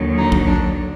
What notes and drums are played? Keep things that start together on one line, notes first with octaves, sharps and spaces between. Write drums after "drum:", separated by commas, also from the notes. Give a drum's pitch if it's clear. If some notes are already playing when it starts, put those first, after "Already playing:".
Already playing: D#2 D3 F#3
D#4
drum: kick A#1
D4